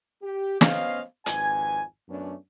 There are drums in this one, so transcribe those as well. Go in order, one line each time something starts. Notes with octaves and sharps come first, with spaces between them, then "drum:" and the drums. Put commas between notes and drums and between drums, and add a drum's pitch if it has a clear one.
G4
B3 C#4 C5 D#5 F5, drum: snare
G#1 F2 B4 G#5, drum: hi-hat
F#2 A3 B3 C#4 D4